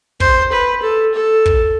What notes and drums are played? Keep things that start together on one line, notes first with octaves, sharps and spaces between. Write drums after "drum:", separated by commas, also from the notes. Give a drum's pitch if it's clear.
C5, drum: kick
B4
A4
A4
drum: kick